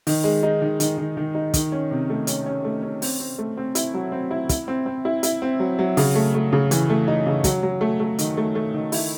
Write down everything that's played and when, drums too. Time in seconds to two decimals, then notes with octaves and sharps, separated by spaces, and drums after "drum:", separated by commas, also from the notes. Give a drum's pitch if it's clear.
0.07 D#3, drum: open hi-hat
0.24 G#3
0.43 D#4
0.62 D#3
0.80 D#3, drum: hi-hat
0.98 D#3
1.17 D#3
1.35 D#4
1.54 D#3, drum: kick, hi-hat
1.72 C#4
1.91 C3
2.10 A3
2.27 C#4, drum: hi-hat
2.46 C#4
2.65 A3
2.82 C#4
3.02 C4, drum: open hi-hat
3.20 C4
3.38 A3
3.57 C4
3.75 E4, drum: hi-hat
3.94 F#3
4.12 C4
4.31 E4
4.49 E4, drum: kick, hi-hat
4.68 C4
4.86 C4
5.05 E4
5.23 E4, drum: hi-hat
5.42 C4
5.60 F#3
5.79 F#3
5.97 C#3, drum: open hi-hat
6.15 A3
6.34 A3
6.53 C#3
6.71 E3, drum: hi-hat
6.90 A3
7.08 D#4
7.26 C#3
7.44 F#3, drum: kick, hi-hat
7.63 F#3
7.81 A3
8.00 A3
8.19 D#3, drum: hi-hat
8.37 A3
8.55 A3
8.74 D#3
8.92 E4, drum: open hi-hat